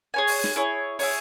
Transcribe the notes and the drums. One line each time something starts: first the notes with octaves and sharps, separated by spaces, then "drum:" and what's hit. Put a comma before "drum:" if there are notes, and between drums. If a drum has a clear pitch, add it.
G#4 C#5 G#5
drum: open hi-hat
drum: snare
E4 G#4 C#5
E4 G#4 C#5, drum: open hi-hat